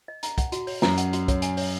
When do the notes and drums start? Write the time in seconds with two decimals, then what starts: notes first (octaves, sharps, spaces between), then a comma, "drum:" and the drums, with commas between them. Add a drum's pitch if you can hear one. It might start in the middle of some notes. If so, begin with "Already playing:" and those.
0.08 D#5
0.23 A#5, drum: hi-hat
0.38 F#5, drum: kick, hi-hat
0.52 F#4, drum: hi-hat
0.67 C#5, drum: open hi-hat
0.82 F#2 A#5, drum: snare
0.98 F#5, drum: hi-hat
1.13 F#4, drum: hi-hat
1.28 C#5, drum: kick, hi-hat
1.42 G#5, drum: hi-hat
1.57 C#5, drum: open hi-hat